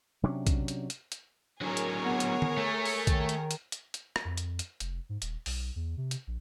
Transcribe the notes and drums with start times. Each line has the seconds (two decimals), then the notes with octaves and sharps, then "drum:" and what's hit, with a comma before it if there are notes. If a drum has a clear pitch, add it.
0.23 C3 F#3 C#4 D4
0.47 drum: kick, hi-hat
0.68 drum: hi-hat
0.90 drum: hi-hat
1.12 drum: hi-hat
1.62 D3 F#3 G#4 A#4 C#5
1.77 drum: hi-hat
2.03 B3
2.20 drum: hi-hat
2.42 drum: tom D3
2.57 A3
2.85 drum: open hi-hat
3.07 D#3, drum: kick, hi-hat
3.29 drum: hi-hat
3.51 drum: hi-hat
3.72 drum: hi-hat
3.94 drum: hi-hat
4.16 drum: rim click
4.25 F2
4.37 drum: hi-hat
4.59 drum: hi-hat
4.80 F1, drum: hi-hat
5.09 G#2
5.22 D#1, drum: hi-hat
5.46 B1, drum: open hi-hat
5.76 E2
5.97 C3
6.11 drum: hi-hat
6.27 A#1